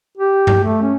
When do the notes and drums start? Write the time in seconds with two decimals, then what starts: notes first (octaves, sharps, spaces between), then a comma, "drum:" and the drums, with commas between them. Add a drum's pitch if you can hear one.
0.17 G4
0.47 drum: tom G2
0.64 A3
0.82 C#4